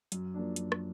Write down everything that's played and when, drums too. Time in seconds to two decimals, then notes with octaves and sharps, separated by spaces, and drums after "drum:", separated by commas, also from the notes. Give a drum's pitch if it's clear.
0.12 F#2, drum: hi-hat
0.34 F3 A#3 D4
0.56 F#2, drum: hi-hat
0.72 drum: rim click